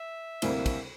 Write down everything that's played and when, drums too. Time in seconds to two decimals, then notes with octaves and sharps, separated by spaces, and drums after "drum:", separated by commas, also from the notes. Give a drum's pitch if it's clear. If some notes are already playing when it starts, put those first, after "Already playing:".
Already playing: E5
0.42 D2 C3 G3 A#3 E4, drum: cymbal
0.66 drum: kick, cymbal